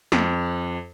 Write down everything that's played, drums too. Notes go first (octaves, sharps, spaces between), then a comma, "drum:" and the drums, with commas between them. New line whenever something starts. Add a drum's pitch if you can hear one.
F2, drum: snare